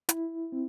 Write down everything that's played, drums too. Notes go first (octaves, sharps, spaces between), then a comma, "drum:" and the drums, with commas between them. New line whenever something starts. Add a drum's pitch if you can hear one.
E4, drum: hi-hat
C4